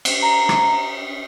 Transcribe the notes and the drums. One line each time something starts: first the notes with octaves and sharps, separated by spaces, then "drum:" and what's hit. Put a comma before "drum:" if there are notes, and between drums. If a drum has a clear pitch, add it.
drum: cymbal
A#5
drum: rim click